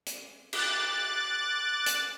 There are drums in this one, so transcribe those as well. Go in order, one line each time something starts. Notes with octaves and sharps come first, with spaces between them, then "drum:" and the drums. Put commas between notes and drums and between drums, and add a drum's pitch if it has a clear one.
drum: hi-hat
D6 F#6 A6, drum: cymbal
drum: hi-hat